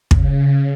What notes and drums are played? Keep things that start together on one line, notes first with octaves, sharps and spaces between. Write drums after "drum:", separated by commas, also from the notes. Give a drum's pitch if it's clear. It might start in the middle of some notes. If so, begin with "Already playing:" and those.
C#3, drum: kick